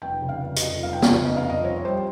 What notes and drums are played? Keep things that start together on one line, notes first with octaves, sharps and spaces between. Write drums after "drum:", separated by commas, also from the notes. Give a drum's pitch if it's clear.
F1 G5
C#3
F5
F1
D#5, drum: hi-hat
F2
F1 F5
G5
C#3 F5, drum: snare
F1 D#5
F5
F2
D#5
C4 C#5
G3 C5